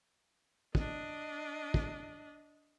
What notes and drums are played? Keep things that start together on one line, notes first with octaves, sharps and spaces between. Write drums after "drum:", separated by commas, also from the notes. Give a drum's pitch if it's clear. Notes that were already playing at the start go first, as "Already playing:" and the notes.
D4 D#5, drum: kick
drum: kick